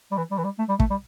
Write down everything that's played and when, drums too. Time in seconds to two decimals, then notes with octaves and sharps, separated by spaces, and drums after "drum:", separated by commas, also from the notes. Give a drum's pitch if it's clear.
0.12 G3
0.17 E3
0.31 G3
0.38 E3
0.44 G3
0.59 A3
0.69 G3
0.80 A3, drum: kick
0.90 G3